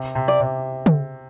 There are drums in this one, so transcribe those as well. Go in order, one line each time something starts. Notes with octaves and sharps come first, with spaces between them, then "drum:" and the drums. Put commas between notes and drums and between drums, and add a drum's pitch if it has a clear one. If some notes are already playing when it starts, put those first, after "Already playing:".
Already playing: C3
C3
D5
C3
drum: tom C#3